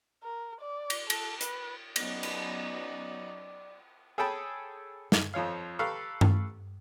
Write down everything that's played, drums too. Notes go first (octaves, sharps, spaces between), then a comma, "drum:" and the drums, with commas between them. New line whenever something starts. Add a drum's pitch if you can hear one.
A#4
D5
drum: cymbal
A4, drum: cymbal
B4, drum: hi-hat
F#3 B3 C#4 D#4 F#4 D5, drum: cymbal
drum: cymbal
G#4 A4 C#5 G5 A5 B5
drum: snare
F2 F3 C#5 F5
G4 A4 B4 F5 A#5 C#6
drum: tom G2